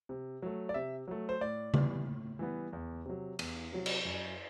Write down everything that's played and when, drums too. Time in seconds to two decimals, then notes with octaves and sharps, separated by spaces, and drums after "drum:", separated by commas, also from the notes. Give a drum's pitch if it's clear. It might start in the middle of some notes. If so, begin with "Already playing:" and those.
0.09 C3
0.42 F#3 A3
0.69 D5
0.74 C3 E5
1.08 F#3 A3
1.29 C5
1.41 A2 D5
1.74 E3 G3 B3, drum: tom C#3
2.07 A2
2.39 E3 G3 B3
2.73 E2
3.05 C3 F#3
3.39 E2, drum: cymbal
3.72 C3 F#3
3.86 drum: cymbal
4.05 F#2